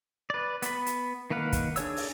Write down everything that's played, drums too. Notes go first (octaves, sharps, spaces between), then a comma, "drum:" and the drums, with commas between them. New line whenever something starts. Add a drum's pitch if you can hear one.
B4 D5
B3 B5, drum: hi-hat
drum: hi-hat
D#3 A#3 B4 F5 F#5
drum: kick, hi-hat
D4 G#4 C#5 E6, drum: hi-hat
drum: open hi-hat